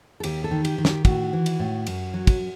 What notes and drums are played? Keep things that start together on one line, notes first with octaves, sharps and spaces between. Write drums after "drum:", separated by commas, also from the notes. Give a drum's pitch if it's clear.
A4
D#2 G4, drum: cymbal
A4
D#3
G4, drum: cymbal
D#3
G4, drum: snare
A2 F#4, drum: kick, cymbal
E3
drum: cymbal
A2
F#2, drum: cymbal
F#3
drum: kick, cymbal